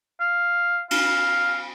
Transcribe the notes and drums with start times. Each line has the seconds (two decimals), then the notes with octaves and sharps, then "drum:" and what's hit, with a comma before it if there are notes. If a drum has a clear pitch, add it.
0.20 F5
0.91 F5, drum: cymbal